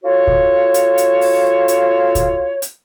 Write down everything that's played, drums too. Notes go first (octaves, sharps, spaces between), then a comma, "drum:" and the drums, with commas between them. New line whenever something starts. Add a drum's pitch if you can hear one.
F4 F#4 A4 C#5
drum: kick C#2
drum: hi-hat
drum: hi-hat
drum: open hi-hat
drum: hi-hat
drum: kick C#2, hi-hat
drum: hi-hat